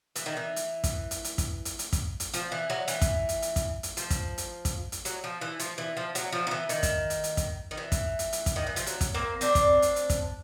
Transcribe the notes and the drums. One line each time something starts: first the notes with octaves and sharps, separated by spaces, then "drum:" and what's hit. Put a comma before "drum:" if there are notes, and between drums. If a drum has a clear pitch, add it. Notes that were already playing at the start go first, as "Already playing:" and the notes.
E3, drum: hi-hat
D#3
E3
drum: hi-hat
drum: kick, hi-hat
drum: hi-hat
drum: hi-hat
drum: kick, hi-hat
drum: hi-hat
drum: hi-hat
drum: kick, hi-hat
drum: hi-hat
F3, drum: hi-hat
E3
F#3
E3, drum: hi-hat
drum: kick, hi-hat
drum: hi-hat
drum: hi-hat
drum: kick, hi-hat
drum: hi-hat
F3, drum: hi-hat
drum: kick, hi-hat
drum: hi-hat
drum: kick, hi-hat
drum: hi-hat
F#3, drum: hi-hat
F3
E3
F3, drum: hi-hat
E3
F3
F#3, drum: hi-hat
F3
D#3
E3
D#3, drum: hi-hat
drum: kick, hi-hat
drum: hi-hat
drum: hi-hat
drum: kick, hi-hat
D#3
E3
drum: kick, hi-hat
drum: hi-hat
drum: hi-hat
drum: kick, hi-hat
D#3
E3
F3, drum: hi-hat
F#3, drum: hi-hat
drum: kick, hi-hat
A#3 C4
C4 D4, drum: hi-hat
drum: kick, hi-hat
drum: hi-hat
drum: hi-hat
drum: kick, hi-hat